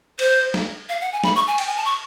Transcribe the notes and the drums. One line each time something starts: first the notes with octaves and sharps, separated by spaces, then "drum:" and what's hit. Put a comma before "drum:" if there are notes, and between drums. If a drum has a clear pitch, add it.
C5, drum: cymbal
drum: snare
F5
F#5
G#5
B5, drum: snare
C#6
G#5
G5, drum: cymbal
G#5
A5
C#6